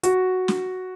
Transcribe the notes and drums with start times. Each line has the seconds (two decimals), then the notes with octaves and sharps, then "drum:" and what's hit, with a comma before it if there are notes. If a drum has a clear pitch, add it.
0.03 F#4, drum: hi-hat
0.48 drum: snare